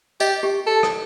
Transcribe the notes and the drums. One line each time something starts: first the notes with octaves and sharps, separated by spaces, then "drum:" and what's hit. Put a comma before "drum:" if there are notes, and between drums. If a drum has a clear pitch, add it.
G4 D#5, drum: tambourine
G4
A4
drum: rim click